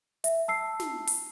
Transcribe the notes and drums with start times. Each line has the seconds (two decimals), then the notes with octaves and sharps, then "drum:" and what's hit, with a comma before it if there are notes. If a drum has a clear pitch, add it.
0.24 E5, drum: hi-hat
0.48 A5 E6 C7
0.80 drum: snare
1.07 drum: open hi-hat